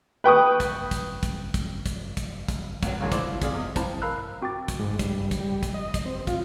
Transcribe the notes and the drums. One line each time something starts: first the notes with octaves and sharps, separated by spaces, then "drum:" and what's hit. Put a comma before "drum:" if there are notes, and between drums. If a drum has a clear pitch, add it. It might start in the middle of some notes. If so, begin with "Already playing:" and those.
B4 G5 C#6 D#6
drum: kick, hi-hat
drum: kick, hi-hat
drum: kick, hi-hat
drum: kick, hi-hat
drum: kick, hi-hat
drum: kick, hi-hat
drum: kick, hi-hat
C#2 F#3, drum: kick, hi-hat
D#2 A#2 E3 F#3 G#3
E4 C5 D5 D6, drum: kick, hi-hat
F4
C3 G#4 D5 F5, drum: kick, hi-hat
E2 D#5
C4 E4 C5 A5 A#5, drum: kick, hi-hat
A#4 F5 A#5 B5 E6 F#6
C4 F#4 G5 D6 A6
drum: kick, hi-hat
G#2
G2, drum: kick, hi-hat
drum: kick, hi-hat
G3
drum: kick, hi-hat
D#5
drum: kick, hi-hat
C4
F4, drum: kick, hi-hat